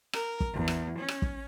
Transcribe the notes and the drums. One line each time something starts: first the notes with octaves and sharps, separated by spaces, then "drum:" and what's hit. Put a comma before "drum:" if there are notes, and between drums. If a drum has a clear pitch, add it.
A#4, drum: rim click
drum: kick
E2
drum: rim click
C#4
drum: rim click
drum: kick